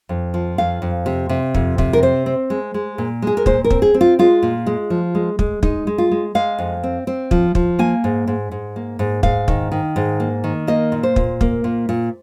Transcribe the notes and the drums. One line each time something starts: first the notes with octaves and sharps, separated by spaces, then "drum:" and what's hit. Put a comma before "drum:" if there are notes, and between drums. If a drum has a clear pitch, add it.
F2
F3
F2 F5
F2
C3
C3
F2, drum: kick
C3, drum: kick
A#4
C4 C5
C4
G#3
G#3
A#2
G#3 G#4
A#4
A#2 C5, drum: kick
A#4
C4, drum: kick
G#4
C4
F4
G#3 F4
A#2
G#3
F3
G#3
G#3, drum: kick
G#3 D#4, drum: kick
G#3
F4
G#3
G#3 F5
F2
C4
C4
F3, drum: kick
F3, drum: kick
A#3 G#5
G#2
G#2
G#2
A#3
G#2
G#2 F5, drum: kick
D#3, drum: kick
D#3
G#2
A#3
D#3
A#3 D#5
A#2
C5
A#2, drum: kick
A#3, drum: kick
A#2
A#2